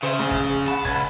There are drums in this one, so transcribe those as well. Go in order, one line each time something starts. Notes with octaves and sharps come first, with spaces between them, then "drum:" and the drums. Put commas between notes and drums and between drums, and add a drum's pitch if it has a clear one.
C#3 C5 E5
A#1 G#4, drum: snare D4
drum: kick
F#5 A5 B5
C#2 B5 G#6, drum: kick